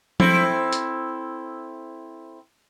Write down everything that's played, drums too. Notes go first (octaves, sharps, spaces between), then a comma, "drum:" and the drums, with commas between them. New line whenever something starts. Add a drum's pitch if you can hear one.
C4 E4 A4, drum: tom F3
drum: hi-hat